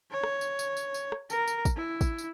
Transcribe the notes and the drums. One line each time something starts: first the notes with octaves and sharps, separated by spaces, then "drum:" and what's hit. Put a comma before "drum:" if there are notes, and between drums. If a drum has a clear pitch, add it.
C#5
drum: rim click
drum: tambourine
drum: tambourine
drum: tambourine
drum: tambourine
drum: rim click
A#4, drum: tambourine
drum: tambourine
drum: kick, tambourine
E4
drum: kick, tambourine
drum: tambourine